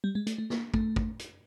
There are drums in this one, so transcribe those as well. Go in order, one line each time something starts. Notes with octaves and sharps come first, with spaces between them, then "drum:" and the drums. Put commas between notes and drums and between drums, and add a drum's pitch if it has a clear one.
G3
G#3
A3, drum: hi-hat
A3
A#3, drum: snare
A3, drum: kick
drum: kick
drum: hi-hat